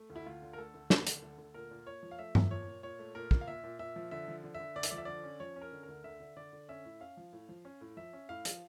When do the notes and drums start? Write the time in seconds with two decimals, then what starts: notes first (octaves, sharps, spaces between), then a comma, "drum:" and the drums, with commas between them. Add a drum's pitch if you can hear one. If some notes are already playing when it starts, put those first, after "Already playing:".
Already playing: A3
0.10 D2
0.16 E4
0.26 D2 F4
0.42 D3
0.53 A#4
0.58 A3 A4
0.74 D2
0.90 A3, drum: snare
1.07 D3, drum: hi-hat
1.22 D2
1.38 D2
1.54 A#2 A#4
1.71 A#2
1.87 A#2 C#5
2.03 F3
2.11 F5
2.19 A3 E5
2.35 F3, drum: tom G2
2.51 A#2 C#5
2.67 A#2
2.83 A#2 C#5
2.99 A3
3.15 A#2 A#4
3.31 A#2, drum: kick
3.41 F5
3.47 A#2 E5
3.64 A#2
3.79 A#2 E5
3.96 F3
4.11 D3 E5
4.28 F3
4.44 D3
4.55 E5
4.60 D3
4.76 D2 D5
4.83 E5, drum: hi-hat
4.91 F3 D5
4.98 E5
5.05 D3 D5
5.24 C#4
5.40 F3 C#5
5.56 C#4
5.62 A#4
5.72 D3
5.83 A#4
5.88 D2
6.04 D3 E5
6.20 D3
6.36 D3 D5
6.53 D3
6.69 C#4 E5
6.85 A2
7.00 C#4 F5
7.17 F3
7.33 A2
7.49 F3
7.65 C#4
7.81 A2
7.97 F3 E5
8.13 C#4
8.29 A2 F5
8.45 F3, drum: hi-hat